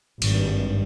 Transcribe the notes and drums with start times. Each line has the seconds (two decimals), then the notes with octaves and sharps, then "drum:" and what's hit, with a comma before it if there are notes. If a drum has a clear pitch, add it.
0.22 G#1 G2, drum: cymbal